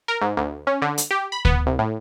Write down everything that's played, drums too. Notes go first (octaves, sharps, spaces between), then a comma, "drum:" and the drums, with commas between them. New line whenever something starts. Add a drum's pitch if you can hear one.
A#4
G#2
D2
C#4
D3
drum: hi-hat
G4
B5
B3, drum: kick D2
C2
A2